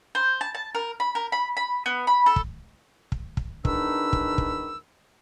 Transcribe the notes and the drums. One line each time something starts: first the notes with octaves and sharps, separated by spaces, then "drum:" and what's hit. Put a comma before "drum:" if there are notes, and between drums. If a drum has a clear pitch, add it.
C5
A5
A5
A#4
B5
A#4
B5
B5
B3
B5
A4
drum: kick
drum: kick
drum: kick
E2 D#3 D4 D#4 B5 E6, drum: kick
drum: kick
drum: kick